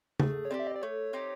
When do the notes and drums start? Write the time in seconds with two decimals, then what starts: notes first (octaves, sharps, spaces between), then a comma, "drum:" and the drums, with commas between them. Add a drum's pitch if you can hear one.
0.20 A3 G#4, drum: tom C#3
0.45 C#5
0.51 C4 D#4 G4 D5
0.60 E5
0.67 D#5
0.75 D5
0.82 A3 C#5
1.13 C4 D#4 G4